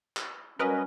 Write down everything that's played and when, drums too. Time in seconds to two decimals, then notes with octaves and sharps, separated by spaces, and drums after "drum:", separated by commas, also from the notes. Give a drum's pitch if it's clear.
0.17 drum: clap
0.59 F#3 G3 C#4 A#4 B4 D#5